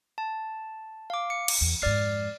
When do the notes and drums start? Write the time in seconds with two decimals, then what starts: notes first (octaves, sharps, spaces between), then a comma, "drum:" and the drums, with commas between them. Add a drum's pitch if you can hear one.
0.18 A5
1.10 F5 D6
1.30 C#7
1.48 drum: cymbal
1.61 E2
1.82 F2 G#2 D5 F6 C7